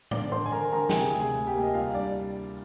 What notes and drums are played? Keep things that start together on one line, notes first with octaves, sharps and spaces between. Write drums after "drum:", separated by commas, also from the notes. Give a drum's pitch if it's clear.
D3 D5 D6, drum: tom A2
D3 C5 C6
G#5
D3 A#4 A#5
D3 A#4 A#5
G5, drum: snare
C3 G#4 G#5
D2
G#4 G#5
D2
G4 G5
A#3
D#5
C2 F4 F5
G3 D4 D5